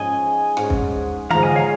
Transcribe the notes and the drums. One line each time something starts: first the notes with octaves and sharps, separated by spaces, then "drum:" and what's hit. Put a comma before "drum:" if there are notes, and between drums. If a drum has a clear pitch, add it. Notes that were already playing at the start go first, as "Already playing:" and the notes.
Already playing: G#2 F3 C#4 D#5 G#5
G#2 G#3 C#4, drum: rim click
drum: kick
G#2 F3 G#3 F4 F5 A#5, drum: tom D3
D#5 G#5
C#5 F5